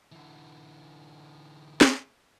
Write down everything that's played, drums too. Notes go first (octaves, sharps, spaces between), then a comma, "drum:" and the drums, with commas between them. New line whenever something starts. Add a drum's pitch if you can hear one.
D3 E3
drum: snare